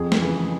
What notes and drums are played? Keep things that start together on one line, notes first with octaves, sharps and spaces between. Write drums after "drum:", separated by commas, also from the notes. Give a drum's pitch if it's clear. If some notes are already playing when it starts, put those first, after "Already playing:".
Already playing: F2 G#4
drum: snare
C#3 E3